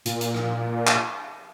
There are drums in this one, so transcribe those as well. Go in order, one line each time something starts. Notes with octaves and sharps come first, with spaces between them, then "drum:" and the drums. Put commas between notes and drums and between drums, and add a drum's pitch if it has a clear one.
A#2, drum: hi-hat
drum: hi-hat
drum: rim click
drum: clap